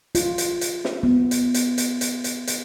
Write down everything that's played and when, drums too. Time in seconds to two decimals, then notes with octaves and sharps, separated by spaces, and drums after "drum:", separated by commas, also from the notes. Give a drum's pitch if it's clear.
0.15 F4, drum: hi-hat
0.38 drum: hi-hat
0.61 drum: hi-hat
0.85 drum: snare
1.03 B3
1.31 drum: hi-hat
1.54 drum: hi-hat
1.78 drum: hi-hat
2.01 drum: hi-hat
2.24 drum: hi-hat
2.47 drum: hi-hat